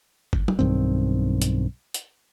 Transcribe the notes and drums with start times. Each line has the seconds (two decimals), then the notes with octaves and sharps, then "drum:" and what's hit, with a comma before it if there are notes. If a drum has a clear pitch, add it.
0.33 drum: kick
0.48 drum: tom F#3
0.59 B1 G2 D#3 C4
1.42 drum: hi-hat
1.94 drum: hi-hat